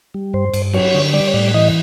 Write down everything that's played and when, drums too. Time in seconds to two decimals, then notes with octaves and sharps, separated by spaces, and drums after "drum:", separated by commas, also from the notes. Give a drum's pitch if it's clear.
0.14 G3
0.34 G2 C5
0.53 G2, drum: cymbal
0.73 F#3 C#5, drum: cymbal
0.95 D3
1.13 G3 D5
1.28 C#5
1.34 A2 D5
1.54 E3 D#5